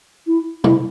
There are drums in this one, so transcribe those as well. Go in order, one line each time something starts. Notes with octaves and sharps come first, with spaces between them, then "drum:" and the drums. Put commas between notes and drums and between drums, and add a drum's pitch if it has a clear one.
E4
E4, drum: tom C3